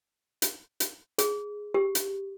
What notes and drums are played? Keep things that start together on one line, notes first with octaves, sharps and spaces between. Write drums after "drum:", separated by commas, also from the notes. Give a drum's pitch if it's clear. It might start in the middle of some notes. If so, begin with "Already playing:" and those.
drum: hi-hat
drum: hi-hat
G#4, drum: hi-hat
G4
drum: hi-hat